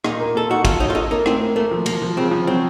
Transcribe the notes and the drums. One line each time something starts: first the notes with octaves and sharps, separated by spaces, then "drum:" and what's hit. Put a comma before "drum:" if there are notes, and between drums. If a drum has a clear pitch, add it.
A#2 D#4, drum: rim click
A#3
A#2 A4
D#4 F#4
F4 A4, drum: kick, cymbal
D#4 C#5
F4
D#4 A4
A#3 D#4
A2 C4, drum: rim click
A#3
A3 A#3
F3
F3 A#3, drum: cymbal
F3
C#3 C4
F3
F#3 C4